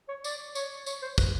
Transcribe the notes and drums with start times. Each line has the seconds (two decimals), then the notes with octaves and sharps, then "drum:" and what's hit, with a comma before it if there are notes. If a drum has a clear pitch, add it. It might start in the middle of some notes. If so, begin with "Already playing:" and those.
0.09 C#5
0.24 D5, drum: tambourine
0.55 C#5, drum: tambourine
0.86 C#5, drum: tambourine
1.02 C5
1.18 B4, drum: kick, tambourine